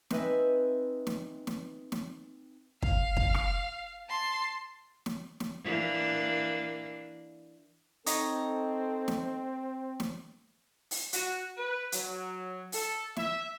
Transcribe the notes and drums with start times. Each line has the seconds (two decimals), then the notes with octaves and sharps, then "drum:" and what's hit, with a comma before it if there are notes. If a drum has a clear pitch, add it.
0.10 C4 D#4 B4 E5 G#5, drum: snare
1.07 drum: snare
1.47 drum: snare
1.92 drum: snare
2.82 F5, drum: kick
3.17 drum: kick
3.34 drum: rim click
4.06 A5 C6
5.06 drum: snare
5.40 drum: snare
5.64 E3 A#3 D4
8.06 C4 D#4 A4 C#5 D#5, drum: hi-hat
9.08 drum: snare
10.00 drum: snare
10.91 drum: open hi-hat
11.13 F#4, drum: hi-hat
11.56 B4
11.92 F#3, drum: hi-hat
12.72 A4, drum: open hi-hat
13.16 E5, drum: snare